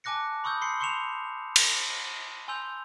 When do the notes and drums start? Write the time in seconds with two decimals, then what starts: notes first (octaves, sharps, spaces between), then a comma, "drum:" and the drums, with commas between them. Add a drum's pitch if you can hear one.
0.04 G#5 A5 D6 F#6 A#6 C#7
0.44 B5 C#6 D#6 E6 G6
0.61 B5 C6 D#6 C7 C#7
0.80 C6 C#6 C7 C#7 E7 F7
1.56 drum: cymbal
2.48 G#5 C6 E6 G6 F7